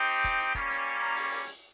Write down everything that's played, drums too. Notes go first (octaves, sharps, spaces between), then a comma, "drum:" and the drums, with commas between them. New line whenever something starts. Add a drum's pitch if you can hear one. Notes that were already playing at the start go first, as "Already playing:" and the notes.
Already playing: C4 D#4 G4
drum: kick, hi-hat
drum: hi-hat
G3 A#3 C#4, drum: kick, hi-hat
drum: hi-hat
A#5
drum: open hi-hat
drum: open hi-hat
drum: hi-hat